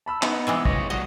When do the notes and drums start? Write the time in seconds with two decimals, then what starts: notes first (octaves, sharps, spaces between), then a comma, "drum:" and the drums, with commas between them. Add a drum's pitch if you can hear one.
0.06 A5 B5 E6
0.23 B3 D#4 D#5, drum: clap
0.47 C3 E3 G#3
0.65 C#5 D#5 A#6, drum: kick
0.90 F#3 G3 F#4 D#5